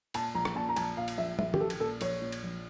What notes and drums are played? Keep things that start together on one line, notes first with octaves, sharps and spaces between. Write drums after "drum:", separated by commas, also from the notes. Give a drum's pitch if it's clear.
A#2 A5, drum: cymbal
A#1 A#5
drum: rim click
A#2 A5
A#5
A#1 A5, drum: cymbal
A#2 F5
drum: cymbal
A#1 E5
A#1 E5, drum: tom
G4, drum: tom
A#1 A4
drum: cymbal
A#2 A4
A#1 C#5, drum: cymbal
A#2
drum: cymbal
A#1